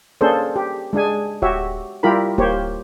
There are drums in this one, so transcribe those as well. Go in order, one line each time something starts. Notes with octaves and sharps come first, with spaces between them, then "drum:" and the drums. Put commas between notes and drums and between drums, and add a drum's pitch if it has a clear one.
A#3 C#4 D4 G#4 A4 C5
G4
G#3 D4 G#4 G#5
F#4 G4 C#5 E5, drum: kick D1
G3 E4 F4 G4 A#4 B5
A#3 G4 C5 C#5, drum: kick D1